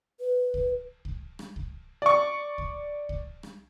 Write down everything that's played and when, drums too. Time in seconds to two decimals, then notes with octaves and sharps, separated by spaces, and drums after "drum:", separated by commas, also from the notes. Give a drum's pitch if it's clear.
0.20 B4
0.54 drum: kick C2
1.05 drum: kick C2
1.39 drum: rim click
1.56 drum: kick C2
2.02 D5 C#6
2.58 drum: kick C2
3.09 drum: kick C2
3.43 drum: rim click